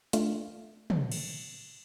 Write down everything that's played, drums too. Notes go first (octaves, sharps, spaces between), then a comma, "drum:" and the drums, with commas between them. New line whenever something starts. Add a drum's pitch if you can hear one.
A3 D4 F4, drum: hi-hat
drum: tom
drum: cymbal